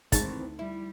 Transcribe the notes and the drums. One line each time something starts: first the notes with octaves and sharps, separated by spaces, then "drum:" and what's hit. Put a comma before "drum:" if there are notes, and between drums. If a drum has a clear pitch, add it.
D2 G#2 D#3 E3 C4 D#4 C#6, drum: kick, hi-hat
G3 E4